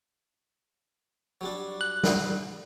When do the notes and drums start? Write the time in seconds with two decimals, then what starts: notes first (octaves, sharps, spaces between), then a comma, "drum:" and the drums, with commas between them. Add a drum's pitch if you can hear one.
1.41 F#3 G3 D4
1.81 F#6
2.04 drum: snare